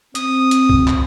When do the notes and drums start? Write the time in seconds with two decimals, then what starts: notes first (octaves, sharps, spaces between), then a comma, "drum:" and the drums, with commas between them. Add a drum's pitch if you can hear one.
0.15 C4 D#6, drum: hi-hat
0.51 drum: hi-hat
0.69 drum: kick B1
0.88 drum: clap